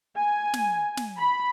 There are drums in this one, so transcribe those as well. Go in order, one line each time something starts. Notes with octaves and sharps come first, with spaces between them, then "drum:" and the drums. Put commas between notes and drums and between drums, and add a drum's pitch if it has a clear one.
G#5
drum: snare
drum: snare
B5